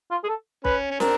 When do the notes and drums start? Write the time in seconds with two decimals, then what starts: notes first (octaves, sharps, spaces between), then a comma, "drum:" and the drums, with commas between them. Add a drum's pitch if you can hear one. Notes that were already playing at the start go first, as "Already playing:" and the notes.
0.11 F4
0.24 G#4
0.29 A4
0.65 C#4 B4, drum: kick B1
0.91 C#4
1.00 C4 D4 A#4, drum: snare